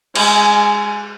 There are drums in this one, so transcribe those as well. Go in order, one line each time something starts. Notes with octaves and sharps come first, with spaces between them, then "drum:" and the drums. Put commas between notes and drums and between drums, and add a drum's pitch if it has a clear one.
G#3 G#5, drum: cymbal